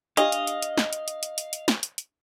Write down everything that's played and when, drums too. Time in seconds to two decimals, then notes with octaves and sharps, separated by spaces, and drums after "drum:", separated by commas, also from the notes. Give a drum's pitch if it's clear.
0.17 D4 G4 D#5 F5, drum: hi-hat
0.32 drum: hi-hat
0.47 drum: hi-hat
0.62 drum: hi-hat
0.78 drum: snare
0.93 drum: hi-hat
1.08 drum: hi-hat
1.23 drum: hi-hat
1.38 drum: hi-hat
1.53 drum: hi-hat
1.68 drum: snare
1.83 drum: hi-hat
1.98 drum: hi-hat